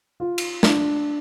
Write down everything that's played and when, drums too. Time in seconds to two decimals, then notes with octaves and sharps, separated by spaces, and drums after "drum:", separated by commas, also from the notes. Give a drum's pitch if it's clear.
0.20 F4
0.38 drum: cymbal
0.63 D4, drum: snare